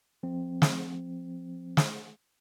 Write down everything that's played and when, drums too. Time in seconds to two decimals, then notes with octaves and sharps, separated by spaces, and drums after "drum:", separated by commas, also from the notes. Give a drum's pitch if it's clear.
0.23 F3 C4
0.62 drum: snare
1.77 drum: snare